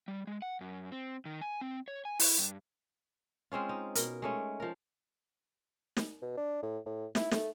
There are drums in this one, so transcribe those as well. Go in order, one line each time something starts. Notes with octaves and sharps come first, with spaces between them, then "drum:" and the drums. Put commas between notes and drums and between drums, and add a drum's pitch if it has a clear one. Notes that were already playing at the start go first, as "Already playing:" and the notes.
G3
G#3
F#5
F#2
C4
D#3
G#5
C4
C#5
G#5
E4, drum: open hi-hat
G2
G#3 C4 C#4 F4
D#4
B2 A#4, drum: hi-hat
G#3 A3 C#4
F3 A#4
drum: snare
B2
D4
A2
A2
E4, drum: snare
A3, drum: snare